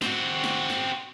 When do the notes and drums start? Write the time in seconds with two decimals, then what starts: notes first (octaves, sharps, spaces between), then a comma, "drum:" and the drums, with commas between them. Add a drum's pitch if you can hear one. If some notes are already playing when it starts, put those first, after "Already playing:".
0.02 C4 F#4, drum: snare
0.44 drum: snare
0.70 drum: snare